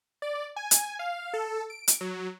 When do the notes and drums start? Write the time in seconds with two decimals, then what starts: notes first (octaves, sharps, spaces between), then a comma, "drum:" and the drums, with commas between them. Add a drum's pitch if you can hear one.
0.22 D5
0.56 G#5
0.71 drum: hi-hat
0.99 F5
1.34 A4
1.70 D7
1.88 drum: hi-hat
2.01 F#3